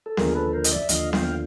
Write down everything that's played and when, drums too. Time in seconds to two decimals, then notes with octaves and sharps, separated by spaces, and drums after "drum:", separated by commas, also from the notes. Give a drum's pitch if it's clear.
0.06 A4
0.17 D#2 D3 F3 G#4 A#4, drum: snare B3
0.35 A4 B4
0.53 A#4 C5
0.64 D#5, drum: hi-hat
0.72 D5 E5
0.89 D#2 D3 F3 D#5 F5, drum: hi-hat
1.13 F5 G5, drum: snare B3